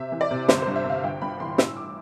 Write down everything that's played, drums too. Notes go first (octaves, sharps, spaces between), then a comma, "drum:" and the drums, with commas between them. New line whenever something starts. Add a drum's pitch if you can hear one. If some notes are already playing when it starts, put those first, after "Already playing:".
Already playing: C3 E5
E3
D5
C3
G1 C5, drum: snare
G2 C5
E5
G1 F5
G1 G5
G2 B5
E3 C6
A2 E6, drum: snare
D6